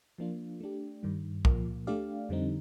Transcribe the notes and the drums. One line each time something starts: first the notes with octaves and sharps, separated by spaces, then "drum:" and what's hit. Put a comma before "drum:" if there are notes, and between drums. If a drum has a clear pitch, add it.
F3 A#3 D4 F4
A3 D4 G4
G2 D#3 G3
A#2 F3 A#3, drum: kick B1
A3 D4 G4 D5 F5
F2 D3 G3 C4 D#4